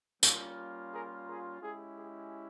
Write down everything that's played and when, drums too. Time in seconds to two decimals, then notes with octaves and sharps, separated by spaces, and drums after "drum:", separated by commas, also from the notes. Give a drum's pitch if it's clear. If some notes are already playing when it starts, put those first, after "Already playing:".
0.23 G3 A#3 C#4 F4, drum: tambourine
0.92 G#4 A#4
1.27 G#4 A#4
1.61 G#3 C#4 E4 G4 G#4
1.96 G#4